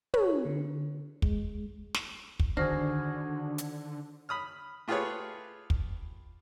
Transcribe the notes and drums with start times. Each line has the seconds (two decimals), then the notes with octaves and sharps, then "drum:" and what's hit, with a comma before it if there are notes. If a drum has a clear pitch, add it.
0.14 C#5, drum: tom
0.45 D3
1.22 G#3, drum: kick
1.94 drum: snare
2.40 drum: kick
2.57 D3 D#3 D4 F#4 G#4 C5 F6 A#6
3.58 drum: hi-hat
4.29 B5 D#6 F6
4.88 A3 F4 G4 G#4 B4 C#5
5.70 drum: kick